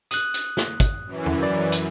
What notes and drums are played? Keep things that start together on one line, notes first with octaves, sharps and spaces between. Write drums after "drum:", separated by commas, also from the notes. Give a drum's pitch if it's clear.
D#6 F#6, drum: hi-hat
drum: hi-hat
drum: snare
drum: kick, hi-hat
F#2 E3
drum: tom E2
D5
drum: hi-hat